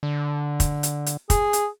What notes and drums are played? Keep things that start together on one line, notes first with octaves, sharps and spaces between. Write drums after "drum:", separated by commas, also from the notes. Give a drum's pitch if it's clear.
D3
drum: kick, hi-hat
drum: hi-hat
drum: hi-hat
G#4, drum: kick, hi-hat
drum: hi-hat